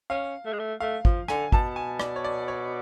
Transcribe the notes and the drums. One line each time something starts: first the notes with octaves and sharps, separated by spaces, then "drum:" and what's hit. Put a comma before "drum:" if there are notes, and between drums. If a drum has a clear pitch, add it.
C#4 F5
A3
G#3
A3
A3 F5
F3, drum: kick
D3 G#5, drum: rim click
B2 A5, drum: kick
G#5
D5, drum: rim click
C#5
D5
C#5